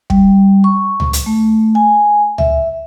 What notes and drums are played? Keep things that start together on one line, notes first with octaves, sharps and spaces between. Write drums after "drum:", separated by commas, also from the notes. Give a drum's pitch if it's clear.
G3, drum: kick
C#6
drum: tom C#2
drum: hi-hat
A3
G#5
E5, drum: tom C#2